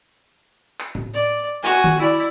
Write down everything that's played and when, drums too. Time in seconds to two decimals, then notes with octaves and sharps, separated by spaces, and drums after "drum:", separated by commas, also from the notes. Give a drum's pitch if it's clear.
0.80 drum: clap
0.95 drum: tom A2
1.14 D5
1.63 F#4 G#5
1.84 drum: tom D#3
1.99 E4 D5